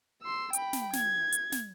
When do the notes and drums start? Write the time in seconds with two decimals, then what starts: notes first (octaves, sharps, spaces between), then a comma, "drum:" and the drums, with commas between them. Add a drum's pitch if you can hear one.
0.22 C6 E6
0.53 G5 B5, drum: hi-hat
0.73 drum: snare
0.93 G#6, drum: snare
1.32 drum: hi-hat
1.52 drum: snare